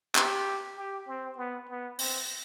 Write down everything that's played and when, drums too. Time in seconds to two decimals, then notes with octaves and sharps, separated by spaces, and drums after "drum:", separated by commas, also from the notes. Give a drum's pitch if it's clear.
0.15 G4, drum: clap
0.77 G4
1.07 C4
1.37 B3
1.69 B3
1.99 C4, drum: open hi-hat